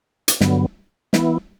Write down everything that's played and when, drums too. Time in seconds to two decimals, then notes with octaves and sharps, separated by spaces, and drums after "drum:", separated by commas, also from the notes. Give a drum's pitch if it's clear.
0.28 drum: hi-hat
0.41 G2 D3 F#3 B3, drum: snare
1.13 E3 B3 E4, drum: snare